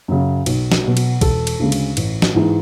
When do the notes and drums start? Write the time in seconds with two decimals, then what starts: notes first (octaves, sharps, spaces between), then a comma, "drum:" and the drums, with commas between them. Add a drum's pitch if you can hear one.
0.08 F#2 C#3
0.46 B1, drum: cymbal
0.72 drum: snare
0.84 B2 F#3
0.97 drum: cymbal
1.21 E1 A4, drum: kick, cymbal
1.47 drum: cymbal
1.60 D2 C#3 G#3
1.72 drum: cymbal
1.97 A1, drum: cymbal
2.22 drum: snare
2.34 G#2 E3 G#3